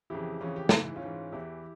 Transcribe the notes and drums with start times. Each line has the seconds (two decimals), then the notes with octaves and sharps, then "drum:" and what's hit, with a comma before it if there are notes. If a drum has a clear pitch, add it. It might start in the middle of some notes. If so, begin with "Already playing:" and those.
0.10 F2 C#3 E3 E4 G4
0.40 F2 C#3 E3 C#4 F4
0.56 G4
0.69 G#2 E3 F4, drum: snare
0.83 E4
0.96 C#4 F4
1.02 G#2 E3
1.32 E2 E3 E4 G4